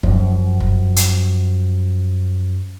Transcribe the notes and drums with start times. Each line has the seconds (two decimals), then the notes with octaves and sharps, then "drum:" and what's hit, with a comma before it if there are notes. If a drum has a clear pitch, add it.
0.03 F#2 F3, drum: kick
0.60 drum: kick
0.96 drum: hi-hat